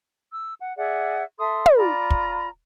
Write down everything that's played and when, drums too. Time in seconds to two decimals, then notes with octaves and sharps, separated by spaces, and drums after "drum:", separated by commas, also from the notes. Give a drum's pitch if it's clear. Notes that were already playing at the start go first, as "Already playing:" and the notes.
0.32 E6
0.59 F#5
0.76 G#4 D5 E5 F#5
1.39 A4 E5 C6 D#6
1.66 drum: tom
1.76 F4 D5 A#5 B5
2.10 drum: kick